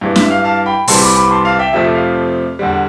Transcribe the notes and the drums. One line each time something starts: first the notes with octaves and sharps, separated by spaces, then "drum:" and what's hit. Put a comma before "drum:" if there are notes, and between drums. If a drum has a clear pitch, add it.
G2 E3 G3
E5, drum: snare
F5
F5 A5
G5 B5
C2 C3 E3 G3 A5 C6, drum: open hi-hat
B5 D6
B5 D6
A5 C6
F5 A5
E5 G5
F2 C3 F3 A3 E5
F5
E2 D3 G3